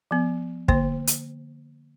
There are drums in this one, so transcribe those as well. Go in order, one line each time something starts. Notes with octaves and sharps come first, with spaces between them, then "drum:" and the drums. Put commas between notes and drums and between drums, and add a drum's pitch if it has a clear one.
F3 B3
D3 A#3 C5, drum: kick
drum: hi-hat